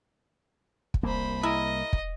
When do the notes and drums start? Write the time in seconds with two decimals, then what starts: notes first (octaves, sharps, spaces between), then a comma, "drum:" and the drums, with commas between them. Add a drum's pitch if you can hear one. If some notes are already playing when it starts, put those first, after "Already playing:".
0.94 drum: kick
1.03 C2 A#3 C5 B5
1.43 E4 G#4 A#4 D#5
1.93 drum: kick